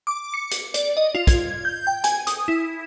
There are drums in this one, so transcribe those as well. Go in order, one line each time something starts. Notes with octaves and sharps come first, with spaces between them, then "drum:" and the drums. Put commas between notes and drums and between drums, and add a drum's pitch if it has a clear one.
D6
C#7
drum: hi-hat
D5, drum: hi-hat
D#5
F4
G#6, drum: kick, hi-hat
G6
G5
G#5, drum: hi-hat
D#6, drum: hi-hat
E4